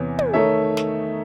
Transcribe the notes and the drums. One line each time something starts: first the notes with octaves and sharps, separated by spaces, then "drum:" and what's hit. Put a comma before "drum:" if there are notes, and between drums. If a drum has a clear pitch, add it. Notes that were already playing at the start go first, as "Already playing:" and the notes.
Already playing: E2 C3 E3 C#5
drum: tom
D#3 A3 D#4 C#5 E5
drum: snare